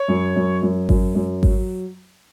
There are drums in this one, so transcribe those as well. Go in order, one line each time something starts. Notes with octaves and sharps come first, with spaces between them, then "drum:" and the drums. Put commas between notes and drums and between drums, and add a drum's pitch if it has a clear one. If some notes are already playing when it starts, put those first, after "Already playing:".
Already playing: C#5
F#2
F#2
F#2
F#2, drum: kick G#1
F#2
F#3, drum: kick G#1